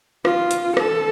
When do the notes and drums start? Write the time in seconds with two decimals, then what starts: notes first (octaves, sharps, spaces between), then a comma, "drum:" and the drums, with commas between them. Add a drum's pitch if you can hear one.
0.25 F4, drum: rim click
0.51 drum: hi-hat
0.77 A4, drum: rim click